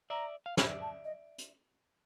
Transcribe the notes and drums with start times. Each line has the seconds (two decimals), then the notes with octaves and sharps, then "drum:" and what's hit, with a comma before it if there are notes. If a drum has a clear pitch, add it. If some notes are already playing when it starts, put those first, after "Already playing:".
0.10 D5 E5 A#5
0.46 F5
0.57 D5 E5 B5, drum: snare
0.81 A5
1.04 D#5
1.38 drum: hi-hat